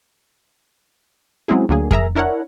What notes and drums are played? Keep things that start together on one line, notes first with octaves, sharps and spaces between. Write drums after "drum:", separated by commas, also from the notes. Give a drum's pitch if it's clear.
F#3 G#3 C4 C#4 E4 G#4
D2 D3 F#3 A#3 G#4
G#4 A#4 E5 A#5, drum: kick F2
D4 E4 A#4 C#5 F#5